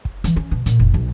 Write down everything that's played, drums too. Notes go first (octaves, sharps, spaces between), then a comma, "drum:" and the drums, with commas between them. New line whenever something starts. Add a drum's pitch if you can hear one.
drum: kick
E3, drum: hi-hat
C#4
B2
A#2, drum: hi-hat
F1
B1